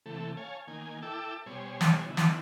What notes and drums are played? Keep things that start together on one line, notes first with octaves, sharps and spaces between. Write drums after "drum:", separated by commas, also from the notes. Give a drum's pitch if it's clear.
C3 E3 A3 A4
C#5 F5 G#5 A5
D#3 A#3 G#5
E4 A4 G5 A5 D6 E6
B2 G3 C5 C#5 G#5
drum: snare
D3 D#3 B3 E4
drum: snare